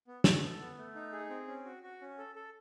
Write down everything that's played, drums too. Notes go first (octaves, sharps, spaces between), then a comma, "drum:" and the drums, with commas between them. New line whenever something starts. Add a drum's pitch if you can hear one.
B3
B3, drum: snare
A4
B3
A3
D#4
G#4
C4
C#4
F#4
F#4
C#4
A4
A4